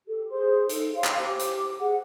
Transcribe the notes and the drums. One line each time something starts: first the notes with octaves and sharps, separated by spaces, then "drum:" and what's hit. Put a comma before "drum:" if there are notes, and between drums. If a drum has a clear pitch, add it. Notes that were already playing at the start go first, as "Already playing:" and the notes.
G4 A4
G#4 C5 C6
D#4 A4, drum: hi-hat
C#5 F5 C6
drum: clap
G4 C5 D6
drum: hi-hat
G#4 F#5